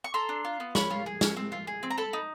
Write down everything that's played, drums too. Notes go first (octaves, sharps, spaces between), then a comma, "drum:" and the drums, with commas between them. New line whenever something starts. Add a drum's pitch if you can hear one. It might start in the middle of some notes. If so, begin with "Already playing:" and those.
C#6
A4 A#5 C6
D4
F4
B3
C#4 B5 C#6, drum: snare
F4
G#4
C#4, drum: snare
C4
F4
G#4
C4
A#5
A4 A5 B5
D#4